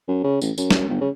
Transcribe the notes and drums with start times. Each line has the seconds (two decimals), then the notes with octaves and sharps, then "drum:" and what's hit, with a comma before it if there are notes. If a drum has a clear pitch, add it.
0.08 F#2
0.24 C#3
0.42 A1, drum: tambourine
0.58 F#2, drum: tambourine
0.71 drum: snare
0.89 G1
1.01 C#3